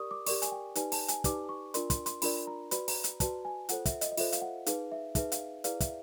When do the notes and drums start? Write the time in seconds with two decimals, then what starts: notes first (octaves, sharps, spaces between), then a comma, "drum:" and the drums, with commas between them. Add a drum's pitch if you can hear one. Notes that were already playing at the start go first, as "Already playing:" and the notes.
Already playing: G4 A#4 D5 C#6 D#6
0.11 D6
0.27 G4 A#4 D5 C#6, drum: open hi-hat
0.42 G#5, drum: hi-hat
0.52 G5
0.75 D#4 G4 B4 D5 G#5, drum: hi-hat
0.92 A5, drum: open hi-hat
1.08 G#5, drum: hi-hat
1.24 D#4 G4 B4 D5 D6, drum: kick, hi-hat
1.49 C#6
1.74 D4 F4 A#4 D5 C6, drum: hi-hat
1.90 C6, drum: kick, hi-hat
2.06 C6, drum: hi-hat
2.22 D4 F4 A#4 D5 B5, drum: open hi-hat
2.47 A#5
2.71 F#4 B4 D5 B5, drum: hi-hat
2.88 A#5, drum: open hi-hat
3.04 drum: hi-hat
3.20 F#4 B4 D5 A5, drum: kick, hi-hat
3.45 G#5
3.69 F4 A4 C5 F#5, drum: hi-hat
3.85 E5, drum: kick, hi-hat
4.01 D#5, drum: hi-hat
4.12 D#5
4.17 F4 A4 C5 E5, drum: open hi-hat
4.32 F5, drum: hi-hat
4.42 F#5
4.66 D#4 G#4 B4 F5, drum: hi-hat
4.92 E5
5.15 D#4 G#4 B4 E5, drum: kick, hi-hat
5.32 F5, drum: hi-hat
5.64 E4 G#4 B4 D5 F5, drum: hi-hat
5.80 E5, drum: kick, hi-hat